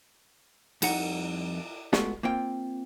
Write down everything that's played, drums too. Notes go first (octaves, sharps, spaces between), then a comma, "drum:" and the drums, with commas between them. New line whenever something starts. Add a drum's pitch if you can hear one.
F2 G3 D#4 F#5 A#5, drum: cymbal
G#3 A3 B3 F4 F#4 A4, drum: snare
A#3 C4 F4 G5